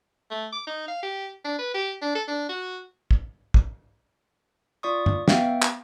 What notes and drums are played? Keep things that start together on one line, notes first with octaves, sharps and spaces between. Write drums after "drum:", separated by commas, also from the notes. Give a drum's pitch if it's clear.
A3
D6
D#4
F5
G4
D4
B4
G4
D4
A4
D4
F#4
drum: kick
drum: kick
F4 D5 C#6 D#6
drum: tom
B3 E5 F5 G5, drum: snare
drum: clap